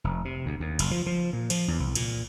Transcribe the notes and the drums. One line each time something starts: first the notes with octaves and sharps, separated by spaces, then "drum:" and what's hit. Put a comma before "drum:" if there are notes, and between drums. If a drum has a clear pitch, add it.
F1
C3
D2
D#2
F#1, drum: cymbal
F3
F3
A#2
F3, drum: cymbal
E2
C2
A#2, drum: cymbal